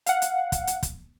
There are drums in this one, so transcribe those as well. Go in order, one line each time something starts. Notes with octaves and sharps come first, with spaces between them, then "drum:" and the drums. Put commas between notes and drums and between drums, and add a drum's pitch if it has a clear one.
F5 F#5, drum: hi-hat
drum: hi-hat
drum: kick, hi-hat
drum: hi-hat
drum: kick, hi-hat